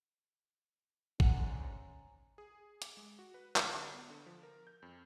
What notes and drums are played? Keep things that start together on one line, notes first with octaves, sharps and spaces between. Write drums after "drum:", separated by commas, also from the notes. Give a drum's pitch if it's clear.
D2 G#2 C#4 F#5 G#5 A#5, drum: kick
G#4
D6, drum: hi-hat
G#3
F#4
B4
D3, drum: clap
B3
D3
F3
A#4
G6
F2